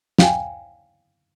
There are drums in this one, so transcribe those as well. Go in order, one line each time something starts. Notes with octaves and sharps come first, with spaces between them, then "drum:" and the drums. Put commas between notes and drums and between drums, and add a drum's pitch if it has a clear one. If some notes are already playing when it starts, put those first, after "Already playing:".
F5 G5 G#5, drum: snare